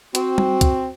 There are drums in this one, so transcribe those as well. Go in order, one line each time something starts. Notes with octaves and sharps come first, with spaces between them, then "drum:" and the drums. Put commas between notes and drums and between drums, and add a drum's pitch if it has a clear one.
C4 F#4, drum: hi-hat
drum: tom G3
drum: kick C2, hi-hat